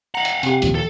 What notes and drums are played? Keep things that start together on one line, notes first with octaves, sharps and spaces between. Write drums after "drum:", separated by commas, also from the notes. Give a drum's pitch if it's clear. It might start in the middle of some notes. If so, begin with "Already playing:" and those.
F5 F#5 A#5
drum: hi-hat
C3 G4, drum: hi-hat
D#2 A#2 F3, drum: hi-hat
A4